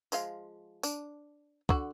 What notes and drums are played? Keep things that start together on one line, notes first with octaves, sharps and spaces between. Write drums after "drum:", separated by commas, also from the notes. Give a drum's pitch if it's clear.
F3 G#3 F5, drum: tambourine
D4, drum: tambourine
D3 F#4, drum: kick